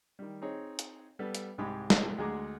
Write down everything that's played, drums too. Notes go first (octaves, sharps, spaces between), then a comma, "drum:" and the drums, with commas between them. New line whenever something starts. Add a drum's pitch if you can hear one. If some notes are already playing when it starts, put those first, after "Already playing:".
D#3 G3
C4 D#4 G#4 C#5
drum: hi-hat
G3 B3 A4 B4
drum: hi-hat
C2 G#2 G#3 G4 B5 D#6
drum: snare
D2 G#3 F#4 G#4 A#5 D6